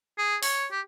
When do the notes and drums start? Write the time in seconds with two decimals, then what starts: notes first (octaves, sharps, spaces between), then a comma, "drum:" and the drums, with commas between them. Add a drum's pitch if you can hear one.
0.18 G#4
0.43 C#5, drum: open hi-hat
0.71 G4